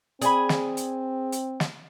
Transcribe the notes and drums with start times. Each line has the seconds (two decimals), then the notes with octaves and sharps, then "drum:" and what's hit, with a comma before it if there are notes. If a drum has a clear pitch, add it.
0.22 C4 G#4 D5 G#5 B5, drum: hi-hat
0.49 drum: snare
0.77 drum: hi-hat
1.32 drum: hi-hat
1.60 drum: snare